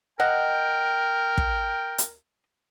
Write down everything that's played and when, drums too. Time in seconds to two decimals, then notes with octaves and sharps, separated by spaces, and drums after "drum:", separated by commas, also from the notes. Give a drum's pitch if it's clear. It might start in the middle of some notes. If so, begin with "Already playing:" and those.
0.20 A#4 D#5 F#5 G5
1.38 drum: kick
1.98 drum: hi-hat